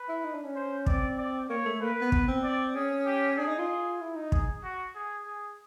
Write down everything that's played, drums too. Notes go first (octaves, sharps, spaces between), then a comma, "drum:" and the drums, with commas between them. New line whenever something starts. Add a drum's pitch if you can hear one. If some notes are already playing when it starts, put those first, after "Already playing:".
Already playing: B4
E4
D#4
D4
C#4
C5
C4 D5, drum: kick
D5
A#3 C#5
A3
A#3 B4
B3
B3, drum: kick
C4
D5
C#4 G#4
G4
D4 G#4
D#4
F4
E4
D#4
G#4, drum: kick
F#4
G#4
G#4